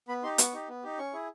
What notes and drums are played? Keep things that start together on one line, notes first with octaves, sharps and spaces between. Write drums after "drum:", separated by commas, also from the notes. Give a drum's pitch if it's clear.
B3 B5
D#4 G4 C6
B3 C#6, drum: hi-hat
D#4 G4
B3
D#4 G4
C#4 C#6
E4 G#4